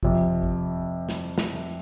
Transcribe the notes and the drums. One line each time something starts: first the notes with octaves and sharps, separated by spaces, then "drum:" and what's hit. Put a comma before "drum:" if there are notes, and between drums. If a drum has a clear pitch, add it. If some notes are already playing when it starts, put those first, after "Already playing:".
F2 C3 F3, drum: kick
drum: kick
drum: snare
drum: snare